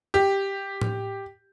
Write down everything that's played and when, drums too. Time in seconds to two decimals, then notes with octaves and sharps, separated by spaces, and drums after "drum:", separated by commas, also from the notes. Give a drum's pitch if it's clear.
0.14 G4
0.81 drum: tom A2